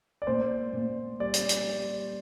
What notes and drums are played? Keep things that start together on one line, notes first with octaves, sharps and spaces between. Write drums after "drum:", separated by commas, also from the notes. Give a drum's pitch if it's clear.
D5
A#2 C5
A#2
G3 D5
drum: hi-hat
drum: hi-hat
G3